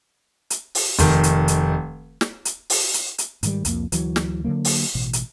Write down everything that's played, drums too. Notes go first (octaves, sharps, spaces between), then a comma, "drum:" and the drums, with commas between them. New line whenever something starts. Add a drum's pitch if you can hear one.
drum: hi-hat
drum: open hi-hat
F1 D#3, drum: hi-hat
drum: hi-hat
drum: hi-hat
drum: snare
drum: hi-hat
drum: open hi-hat
drum: hi-hat
drum: hi-hat
G#2 D#3 G3, drum: hi-hat
C2 F2 A#3, drum: hi-hat
D2 E3 F#3, drum: hi-hat
drum: snare
D3 D#3 F#3 A#3
drum: open hi-hat
A1 B2
drum: hi-hat